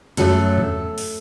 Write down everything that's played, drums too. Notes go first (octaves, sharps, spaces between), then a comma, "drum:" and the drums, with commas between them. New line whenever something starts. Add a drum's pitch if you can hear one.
F#2 F#3 A3 A4, drum: hi-hat
drum: tom E2
drum: open hi-hat